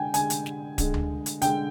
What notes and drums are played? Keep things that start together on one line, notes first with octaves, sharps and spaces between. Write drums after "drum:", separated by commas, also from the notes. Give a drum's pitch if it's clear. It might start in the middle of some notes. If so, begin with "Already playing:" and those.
Already playing: D3 G#3 G5 G#5
D3 G#3 G#5, drum: hi-hat
drum: hi-hat
drum: snare
D3 G#3, drum: kick D1, hi-hat
drum: tom D2
drum: hi-hat
D3 G#3 G5, drum: hi-hat